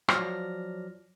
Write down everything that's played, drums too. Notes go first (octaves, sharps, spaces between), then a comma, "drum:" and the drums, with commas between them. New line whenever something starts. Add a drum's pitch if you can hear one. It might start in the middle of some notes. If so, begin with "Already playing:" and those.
F3 F#3 D5 F6 A#6, drum: rim click